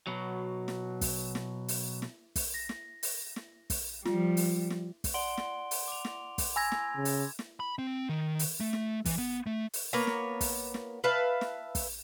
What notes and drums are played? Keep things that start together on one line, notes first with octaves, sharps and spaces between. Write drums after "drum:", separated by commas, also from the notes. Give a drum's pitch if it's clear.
B2 F#3
drum: snare
drum: kick, open hi-hat
drum: snare
drum: open hi-hat
drum: snare
drum: kick, open hi-hat
A#6
drum: snare
drum: open hi-hat
drum: snare
drum: kick, open hi-hat
F3 G3 F4, drum: snare
drum: open hi-hat
drum: snare
drum: kick, open hi-hat
D5 F#5 C6 D7 G7
drum: snare
drum: open hi-hat
D6 F7
drum: snare
drum: kick, open hi-hat
G#5 B5 E6 G#6 A#6
drum: snare
C#3
drum: open hi-hat
drum: snare
B5
C4
D#3
drum: open hi-hat
A3
drum: snare
E3, drum: kick, open hi-hat
B3
A3
drum: open hi-hat
A#3 B3 C#5 A#5
drum: snare
drum: kick, open hi-hat
drum: snare
B4 E5 F5 A5
drum: snare
drum: kick, open hi-hat